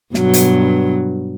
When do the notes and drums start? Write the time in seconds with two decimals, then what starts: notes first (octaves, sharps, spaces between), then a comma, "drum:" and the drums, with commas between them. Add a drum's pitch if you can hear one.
0.14 G2 B2 F#3, drum: snare
0.34 drum: hi-hat